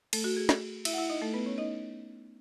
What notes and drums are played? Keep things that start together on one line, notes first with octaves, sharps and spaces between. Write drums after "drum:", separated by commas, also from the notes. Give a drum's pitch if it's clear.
A3 A4, drum: cymbal
F#4
G#4
drum: snare
E4 E5, drum: cymbal
F#5
E4 E5
D#4 D#5
A3 A4
B3 B4
C#4 C#5
D#4 D#5